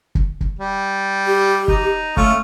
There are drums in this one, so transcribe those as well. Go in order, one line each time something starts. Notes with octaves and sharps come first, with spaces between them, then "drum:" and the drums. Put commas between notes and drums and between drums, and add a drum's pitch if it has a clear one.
drum: kick
drum: kick
G3
G4
D#4, drum: kick
A3 C#4 F4 A4, drum: kick